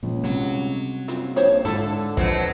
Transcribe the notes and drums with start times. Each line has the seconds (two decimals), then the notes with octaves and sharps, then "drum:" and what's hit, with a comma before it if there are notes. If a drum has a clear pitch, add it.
0.03 C#2 A#2 F3
0.24 C3 F#3 G3, drum: hi-hat
1.08 F#1 C4 F4, drum: hi-hat
1.36 A#1 C5 C#5 F5, drum: hi-hat
1.65 G#2 D3 E4 F4 A4, drum: hi-hat
2.17 B2 F3 F#3 C4 F#5, drum: kick, hi-hat